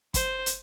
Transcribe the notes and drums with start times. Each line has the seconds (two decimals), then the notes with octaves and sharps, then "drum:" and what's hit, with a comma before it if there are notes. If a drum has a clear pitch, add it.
0.14 C5, drum: kick, hi-hat
0.46 drum: hi-hat